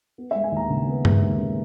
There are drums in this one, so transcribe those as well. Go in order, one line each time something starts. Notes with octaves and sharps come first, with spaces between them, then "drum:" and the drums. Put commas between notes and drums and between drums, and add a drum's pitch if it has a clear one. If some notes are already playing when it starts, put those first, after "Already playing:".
B3
G#3 E5
G#5
D#2 A#5
C#3
B3
G#3, drum: tom G2
D#2
C#3